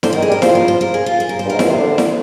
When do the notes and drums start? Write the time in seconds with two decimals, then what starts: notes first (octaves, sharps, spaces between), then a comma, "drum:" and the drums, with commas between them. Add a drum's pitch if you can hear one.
0.03 D3 C5, drum: snare E4
0.13 D#3 A#4
0.22 G#4
0.29 G3
0.32 A#4
0.42 F3 C5, drum: snare E4
0.55 A#4
0.68 C5
0.81 A#4
0.94 G#4
1.06 F4
1.20 G#4
1.29 A#4
1.39 C5
1.45 G2
1.50 G#2 A#4
1.59 A#2 C5, drum: snare E4
1.70 C3
1.78 D3
1.98 drum: snare E4